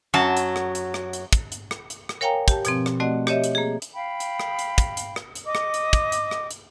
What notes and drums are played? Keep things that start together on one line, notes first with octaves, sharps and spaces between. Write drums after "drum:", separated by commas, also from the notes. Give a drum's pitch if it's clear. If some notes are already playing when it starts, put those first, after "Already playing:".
F#2 F#3 A5
drum: hi-hat
drum: rim click
drum: hi-hat
drum: rim click
drum: hi-hat
drum: kick, hi-hat
drum: hi-hat
drum: rim click
drum: hi-hat
drum: rim click
A#4 C#5 F5 G5 G#5 A#5
G4 A5, drum: kick, hi-hat
B2 F3 C4, drum: hi-hat
drum: rim click
A3 C4 F#4 D5 D#5 F#5
G4 C#5 D#5 E5, drum: rim click
drum: hi-hat
A#3 G#4
drum: hi-hat
F5 G5 B5
drum: hi-hat
drum: rim click
drum: hi-hat
drum: kick, hi-hat
drum: hi-hat
drum: rim click
drum: hi-hat
D#5 D6
drum: rim click
drum: hi-hat
drum: kick, hi-hat
drum: hi-hat
drum: rim click
drum: hi-hat